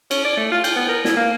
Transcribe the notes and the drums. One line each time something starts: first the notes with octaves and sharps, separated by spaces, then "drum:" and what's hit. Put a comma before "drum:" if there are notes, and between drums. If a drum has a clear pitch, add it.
C#4, drum: cymbal
D5
A3
F4
G5, drum: cymbal
B3
A#4
E4, drum: snare
A#3